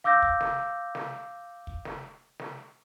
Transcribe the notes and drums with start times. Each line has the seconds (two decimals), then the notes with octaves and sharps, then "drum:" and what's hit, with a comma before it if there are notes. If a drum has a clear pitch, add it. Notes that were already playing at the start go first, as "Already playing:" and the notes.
0.04 F5 D6 E6 G6 A#6
0.22 drum: kick
0.41 drum: snare
0.95 drum: snare
1.67 drum: kick
1.85 drum: snare
2.39 drum: snare